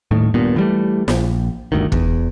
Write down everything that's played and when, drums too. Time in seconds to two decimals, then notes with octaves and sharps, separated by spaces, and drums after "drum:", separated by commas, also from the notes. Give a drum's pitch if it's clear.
0.11 D#1 A2 D#3
0.34 D#1 G2 A#2 B3
0.56 E3 G3 A3
1.08 A#1, drum: snare
1.72 G1 D2 D#3
1.92 E2, drum: kick